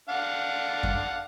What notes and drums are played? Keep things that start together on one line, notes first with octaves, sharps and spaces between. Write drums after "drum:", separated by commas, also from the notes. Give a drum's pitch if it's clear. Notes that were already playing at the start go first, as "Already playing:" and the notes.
D4 F5 F#5
drum: kick F#2